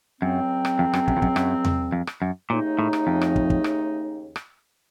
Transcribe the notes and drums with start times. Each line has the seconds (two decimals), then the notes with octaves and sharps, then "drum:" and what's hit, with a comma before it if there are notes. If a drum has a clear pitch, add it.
0.22 C#2 F#2 C#3 F#3 C4
0.65 drum: rim click
0.79 F2
0.93 F#2, drum: rim click
1.08 F#2, drum: kick
1.17 F2
1.22 F#2, drum: kick
1.36 F#2, drum: rim click
1.65 drum: tom E2
1.92 F2
2.07 drum: rim click
2.22 F#2
2.50 D#2 A#2 C#3 A3 D#4
2.79 A2
2.93 drum: rim click
3.07 F2
3.21 drum: rim click
3.36 drum: kick
3.50 drum: kick
3.64 drum: rim click
4.36 drum: rim click